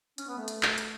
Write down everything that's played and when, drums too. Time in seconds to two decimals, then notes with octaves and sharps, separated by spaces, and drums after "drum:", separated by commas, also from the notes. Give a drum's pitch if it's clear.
0.18 C#4, drum: hi-hat
0.28 B3
0.38 A3
0.48 drum: hi-hat
0.63 drum: clap
0.78 drum: hi-hat